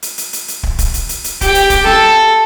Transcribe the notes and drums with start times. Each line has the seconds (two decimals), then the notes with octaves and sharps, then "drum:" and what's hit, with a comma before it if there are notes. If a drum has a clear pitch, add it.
0.02 drum: hi-hat
0.18 drum: hi-hat
0.33 drum: hi-hat
0.48 drum: hi-hat
0.63 drum: kick
0.79 drum: kick, hi-hat
0.94 drum: hi-hat
1.09 drum: hi-hat
1.24 drum: hi-hat
1.41 G4 G5, drum: kick, hi-hat
1.55 drum: hi-hat
1.70 drum: kick, hi-hat
1.85 A4, drum: snare C4